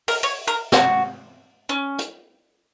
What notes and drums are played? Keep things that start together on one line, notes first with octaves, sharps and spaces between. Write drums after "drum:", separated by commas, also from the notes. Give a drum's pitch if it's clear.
A#4, drum: open hi-hat
C#5
A#4
F#4, drum: snare
C#4
drum: hi-hat